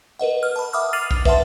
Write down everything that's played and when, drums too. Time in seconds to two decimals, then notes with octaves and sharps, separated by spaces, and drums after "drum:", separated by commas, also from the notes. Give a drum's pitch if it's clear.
0.19 A#4 B4 D#5 F#5
0.43 F6
0.56 A5 B5
0.73 E5 F#5 B5 D6 D#6 F6
0.93 F6 A6 C7 D#7 F7 F#7
1.11 drum: kick
1.25 B4 E5 F#5 A5 C6, drum: kick